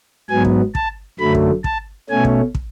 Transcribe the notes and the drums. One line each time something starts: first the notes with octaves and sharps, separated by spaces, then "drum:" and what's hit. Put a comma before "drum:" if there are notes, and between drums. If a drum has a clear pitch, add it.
G#2 F#3 B3 G#5
drum: kick
A5, drum: kick
F#2 D3 F#3 A3 B5
drum: kick
A5, drum: kick
B2 A3 C#4 G#5
drum: kick
drum: kick